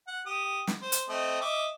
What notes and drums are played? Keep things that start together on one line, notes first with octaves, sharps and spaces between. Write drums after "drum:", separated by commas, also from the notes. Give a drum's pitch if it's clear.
F#5
G4 D#6
drum: snare
C5
drum: hi-hat
A3 C4 D#5
D#5 E5 D6